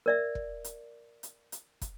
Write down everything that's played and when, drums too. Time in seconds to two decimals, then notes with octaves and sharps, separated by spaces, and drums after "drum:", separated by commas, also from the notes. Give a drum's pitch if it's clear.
0.06 A#4 D5 E5
0.35 drum: kick
0.64 drum: hi-hat
1.23 drum: hi-hat
1.52 drum: hi-hat
1.81 drum: kick, hi-hat